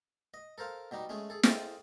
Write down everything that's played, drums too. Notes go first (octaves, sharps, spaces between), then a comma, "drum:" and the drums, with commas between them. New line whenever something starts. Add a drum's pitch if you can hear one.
D#5
A4 A#4 C5 F5
B2 G3 D#4
G#3 A3 C#4 G#4
G#4 A4
G#4 A4 C5 D#5 F5 G5, drum: snare